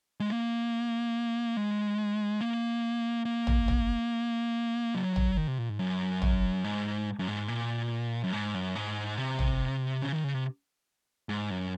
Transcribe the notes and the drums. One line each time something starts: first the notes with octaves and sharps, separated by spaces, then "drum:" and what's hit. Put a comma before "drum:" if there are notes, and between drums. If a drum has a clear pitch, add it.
G#3
A#3
G#3
A#3
A#3
drum: tom
drum: tom
F#3
drum: tom
D#3
C3
A#2
G#2
F#2
drum: tom
G#2
F#2
G#2
A#2
F#2
G#2
F#2
G#2
C3
drum: tom
C#3
D#3
C#3
C3
G#2
F#2